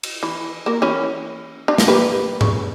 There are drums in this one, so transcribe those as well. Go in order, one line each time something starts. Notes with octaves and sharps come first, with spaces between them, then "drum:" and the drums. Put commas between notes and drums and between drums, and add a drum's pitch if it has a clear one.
drum: cymbal
E3
A#3 A#4
E3 C#4
D4
drum: snare
A#3 G4 B4
C#3, drum: tom G#2